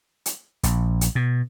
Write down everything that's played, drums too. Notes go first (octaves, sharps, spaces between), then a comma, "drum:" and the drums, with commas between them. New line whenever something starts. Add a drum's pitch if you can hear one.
drum: hi-hat
A#1, drum: hi-hat
drum: hi-hat
B2